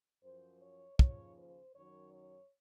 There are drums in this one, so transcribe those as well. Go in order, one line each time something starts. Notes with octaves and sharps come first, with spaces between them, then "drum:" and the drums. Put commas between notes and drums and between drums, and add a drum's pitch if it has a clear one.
F#2 F3 C5
C#5
D#2 C#3 F3 C#5, drum: kick
C5
F#2 D#3 F#3 C#5
C#5